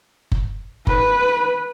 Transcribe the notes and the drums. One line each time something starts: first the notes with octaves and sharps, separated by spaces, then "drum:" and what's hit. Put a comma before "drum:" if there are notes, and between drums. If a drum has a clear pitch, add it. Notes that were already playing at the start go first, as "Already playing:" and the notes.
drum: kick F#1
B4, drum: kick F#1